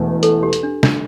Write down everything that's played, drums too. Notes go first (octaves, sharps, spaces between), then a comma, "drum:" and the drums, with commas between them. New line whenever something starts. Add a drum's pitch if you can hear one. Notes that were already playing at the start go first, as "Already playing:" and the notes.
Already playing: E1 E2 B2 A3
A4, drum: hi-hat
G4
drum: hi-hat
D4
D4, drum: snare